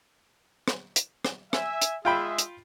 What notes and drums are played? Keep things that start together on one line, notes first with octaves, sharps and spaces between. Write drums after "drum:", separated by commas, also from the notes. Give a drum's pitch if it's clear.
drum: rim click
drum: hi-hat
drum: rim click
E5 G#5, drum: rim click
drum: hi-hat
G#3 F4 G#4 E5 G5 B5
drum: hi-hat